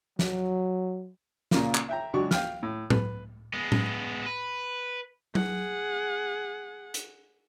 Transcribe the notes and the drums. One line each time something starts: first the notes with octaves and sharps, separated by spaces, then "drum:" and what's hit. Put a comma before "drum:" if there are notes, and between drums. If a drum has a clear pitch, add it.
F#3, drum: snare
A#2 C#3 A#3 F4, drum: snare
drum: clap
E5 G5 A#5
C#2 F#3 D4 C#6
F5 G5 F6, drum: snare
A2
B4, drum: tom A2
G#3 B3
drum: tom A2
B4
G#4 F#5, drum: tom F#3
drum: hi-hat